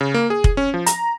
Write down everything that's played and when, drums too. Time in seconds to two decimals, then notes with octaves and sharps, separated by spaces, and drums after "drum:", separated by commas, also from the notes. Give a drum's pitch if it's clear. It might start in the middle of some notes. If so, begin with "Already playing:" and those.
0.01 C#3
0.14 A#3
0.30 G#4
0.44 drum: kick
0.57 C#4
0.74 F3
0.86 A#5, drum: hi-hat